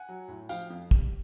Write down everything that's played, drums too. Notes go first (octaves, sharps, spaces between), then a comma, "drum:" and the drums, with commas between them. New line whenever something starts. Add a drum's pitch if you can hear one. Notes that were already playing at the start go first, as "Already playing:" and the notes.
Already playing: F#5 G#5
F#3
A2
F3 F5 G5, drum: tambourine
F2
G3, drum: kick